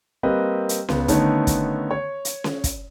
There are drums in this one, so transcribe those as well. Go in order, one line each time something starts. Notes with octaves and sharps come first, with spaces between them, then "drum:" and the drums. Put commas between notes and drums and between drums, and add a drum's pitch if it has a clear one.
G3 A#3 C4 B4 D#5
drum: hi-hat
C#2 B3, drum: snare C#4
D3 D#3 A3 B3 C#4 D#4, drum: kick, hi-hat
drum: kick, hi-hat
C#5
drum: hi-hat
drum: snare C#4
drum: kick, hi-hat